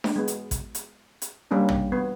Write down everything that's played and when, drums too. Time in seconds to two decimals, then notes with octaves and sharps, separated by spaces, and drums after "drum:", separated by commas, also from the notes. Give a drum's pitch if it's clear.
0.04 drum: snare D4
0.16 G#3 B3
0.28 drum: hi-hat
0.51 drum: kick, hi-hat
0.75 drum: hi-hat
1.22 drum: hi-hat
1.51 G3 A#3 C#4 D4
1.69 drum: tom A#1
1.92 B3